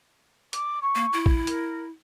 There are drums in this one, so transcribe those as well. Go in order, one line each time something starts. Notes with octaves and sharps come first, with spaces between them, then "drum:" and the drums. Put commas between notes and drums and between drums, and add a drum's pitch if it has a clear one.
D6, drum: hi-hat
C#6
A#3
E4
drum: kick A#1
A#4, drum: hi-hat